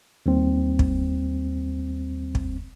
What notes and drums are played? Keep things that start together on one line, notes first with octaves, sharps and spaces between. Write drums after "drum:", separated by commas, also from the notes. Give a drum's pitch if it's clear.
D#2 G3 C4
drum: kick
drum: kick